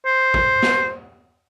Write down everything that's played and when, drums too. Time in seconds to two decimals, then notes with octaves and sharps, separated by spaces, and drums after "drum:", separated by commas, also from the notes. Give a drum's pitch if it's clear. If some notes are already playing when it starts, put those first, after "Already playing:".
0.06 C5
0.34 drum: kick
0.62 drum: snare